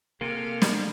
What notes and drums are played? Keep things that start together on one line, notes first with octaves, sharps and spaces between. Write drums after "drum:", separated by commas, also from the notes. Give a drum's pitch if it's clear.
C3 A#3 G#4 A4 F5
drum: snare